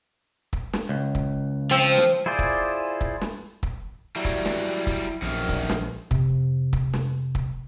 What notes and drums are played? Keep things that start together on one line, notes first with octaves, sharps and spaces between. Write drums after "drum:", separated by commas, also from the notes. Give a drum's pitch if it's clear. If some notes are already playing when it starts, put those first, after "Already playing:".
drum: kick
drum: snare
C#2
drum: kick
F3 C4
drum: snare
E4 F4 G#4 C5 D5
drum: kick
drum: kick
drum: snare
drum: kick
F#3 G3 E4
drum: kick
drum: snare
drum: kick
A#1 F#2 D#3
drum: kick
drum: snare
F2 C3, drum: kick
drum: kick
drum: snare
drum: kick